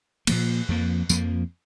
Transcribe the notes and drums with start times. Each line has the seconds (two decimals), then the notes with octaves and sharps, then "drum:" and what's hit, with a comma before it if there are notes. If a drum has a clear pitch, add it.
0.27 A#2 F3 A#3, drum: cymbal
0.68 F2 F3 A#3
1.09 F2 F3 A#3, drum: tambourine